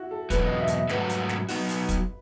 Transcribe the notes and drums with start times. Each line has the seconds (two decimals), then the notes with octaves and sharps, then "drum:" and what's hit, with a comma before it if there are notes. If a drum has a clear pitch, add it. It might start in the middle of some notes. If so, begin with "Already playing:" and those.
Already playing: E4 F#4
0.11 A4
0.30 E2 B2 F#3 B4, drum: kick, hi-hat
0.45 D#5
0.60 E5
0.67 D#5, drum: hi-hat
0.75 E5
0.89 G#2 F#3 A3 C#4 F#4 B4, drum: snare
1.09 drum: hi-hat
1.29 drum: snare
1.49 F#3 B3 D#4 F#4, drum: open hi-hat
1.69 drum: hi-hat
1.89 drum: kick, hi-hat